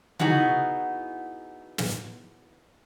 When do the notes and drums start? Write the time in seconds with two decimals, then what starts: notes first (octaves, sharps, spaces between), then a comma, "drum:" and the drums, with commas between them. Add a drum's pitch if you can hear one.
0.19 B3 D#4 E4 F#4 G#4, drum: tom C#3
1.78 drum: snare